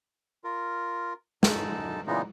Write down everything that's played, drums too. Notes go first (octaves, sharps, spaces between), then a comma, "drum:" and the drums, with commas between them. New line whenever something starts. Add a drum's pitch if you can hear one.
F4 A#4
F#2 D3 D#4 A5, drum: snare
A#2 C#3 E3 G#3 B3 D#4